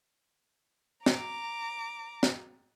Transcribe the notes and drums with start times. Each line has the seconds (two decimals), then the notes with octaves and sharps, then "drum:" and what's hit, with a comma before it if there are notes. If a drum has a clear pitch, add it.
1.06 A#5 D6, drum: snare
2.23 drum: snare